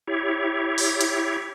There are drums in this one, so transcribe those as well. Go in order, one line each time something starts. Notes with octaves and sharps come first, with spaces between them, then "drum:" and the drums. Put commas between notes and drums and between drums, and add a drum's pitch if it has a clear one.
E4 G4 C#5
drum: open hi-hat
drum: hi-hat